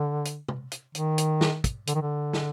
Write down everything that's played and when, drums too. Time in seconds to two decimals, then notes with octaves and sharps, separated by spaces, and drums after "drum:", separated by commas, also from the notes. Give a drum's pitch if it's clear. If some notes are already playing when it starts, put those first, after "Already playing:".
Already playing: D3
0.25 drum: hi-hat
0.48 drum: tom
0.72 drum: hi-hat
0.95 D#3, drum: hi-hat
1.18 drum: hi-hat
1.41 drum: snare
1.64 drum: kick, hi-hat
1.87 D3, drum: hi-hat
1.95 D#3
2.02 D3
2.33 drum: snare